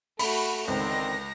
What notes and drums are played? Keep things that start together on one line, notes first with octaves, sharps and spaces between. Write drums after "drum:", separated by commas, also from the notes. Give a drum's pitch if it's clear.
A3 F#4 B5, drum: open hi-hat
C#2 D3 D#3 C4 A#6